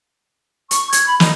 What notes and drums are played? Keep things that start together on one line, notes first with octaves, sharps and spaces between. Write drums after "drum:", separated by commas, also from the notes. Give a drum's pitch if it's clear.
C#6, drum: hi-hat
G#6, drum: hi-hat
B5
D#4, drum: snare